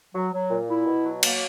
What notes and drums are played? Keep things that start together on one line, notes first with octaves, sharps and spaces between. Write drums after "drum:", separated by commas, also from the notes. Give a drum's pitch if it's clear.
F#3
F#3
A#2
E4
B2
F#3
A#3, drum: cymbal